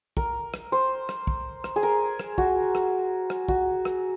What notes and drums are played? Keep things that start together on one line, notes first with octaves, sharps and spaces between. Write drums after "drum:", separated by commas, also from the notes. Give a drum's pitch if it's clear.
A#4, drum: kick
drum: rim click
C5
drum: rim click
drum: kick
drum: rim click
G#4
A#4
drum: rim click
F#4, drum: kick
drum: rim click
drum: rim click
F#4, drum: kick
drum: rim click